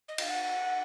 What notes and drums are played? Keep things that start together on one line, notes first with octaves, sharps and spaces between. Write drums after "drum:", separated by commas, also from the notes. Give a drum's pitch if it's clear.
D#5
F5, drum: cymbal
F#5